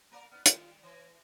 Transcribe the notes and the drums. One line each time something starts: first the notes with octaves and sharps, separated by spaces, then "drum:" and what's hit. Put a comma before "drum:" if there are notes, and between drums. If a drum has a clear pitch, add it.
A#3 A#4 D5 A#5
B3 D#4 F6
D#3 G3 F4, drum: hi-hat
E3 C#5